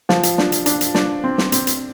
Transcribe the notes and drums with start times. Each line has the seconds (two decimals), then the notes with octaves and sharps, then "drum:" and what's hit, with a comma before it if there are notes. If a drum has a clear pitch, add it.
0.09 F3, drum: snare
0.23 drum: hi-hat
0.38 D4, drum: snare
0.52 drum: hi-hat
0.66 D4, drum: hi-hat
0.81 drum: hi-hat
0.94 D4, drum: snare
1.24 C4
1.38 drum: snare
1.52 C4, drum: hi-hat
1.67 drum: hi-hat